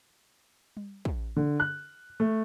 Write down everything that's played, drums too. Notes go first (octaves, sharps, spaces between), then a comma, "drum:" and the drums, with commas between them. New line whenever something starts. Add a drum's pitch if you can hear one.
drum: tom G3
drum: kick
D3
F#6
A3